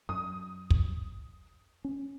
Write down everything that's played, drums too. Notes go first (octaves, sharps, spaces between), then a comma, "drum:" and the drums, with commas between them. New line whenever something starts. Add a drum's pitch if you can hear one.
F#2 D#6
drum: kick
C#4